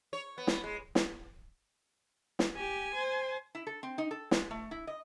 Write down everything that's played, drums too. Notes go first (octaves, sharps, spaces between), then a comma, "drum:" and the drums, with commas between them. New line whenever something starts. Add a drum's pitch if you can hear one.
C#5
B3
drum: snare
G#3
drum: snare
drum: snare
G4 G#5
C5
E4
A4
C4
D#4
A4
G#3, drum: snare
A3
E4
D#5